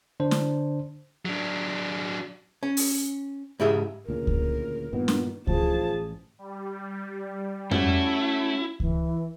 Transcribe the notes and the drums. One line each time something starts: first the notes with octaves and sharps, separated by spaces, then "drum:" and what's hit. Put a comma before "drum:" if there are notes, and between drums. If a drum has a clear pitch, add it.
D3 D4 C5
drum: snare
F#3 D4
C#4
drum: open hi-hat
G#2 C#3 E4 G4 G#4 E5
D2 A#2 C#3 A#4
drum: kick C#2
G2 A#2 D#3 B3
drum: snare
A1 F3 G#4 A5, drum: kick C#2
G3
A3 C#4 E4 F#4, drum: tom F2
E3, drum: kick C#2